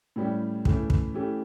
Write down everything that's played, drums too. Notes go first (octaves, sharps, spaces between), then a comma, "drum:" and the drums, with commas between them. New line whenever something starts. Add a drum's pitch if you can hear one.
A2 G3 C#4 G4
A2 E3 A3 C#4, drum: kick
drum: kick
E3 A3 C#4 G4